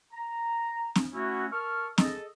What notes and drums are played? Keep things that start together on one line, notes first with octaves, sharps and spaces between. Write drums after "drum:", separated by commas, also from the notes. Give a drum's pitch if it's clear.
A#5
drum: snare C4
A3 C#4 E4 F#4
A#4 A5 C#6 E6 F6
G#4 A4 D#5, drum: snare C4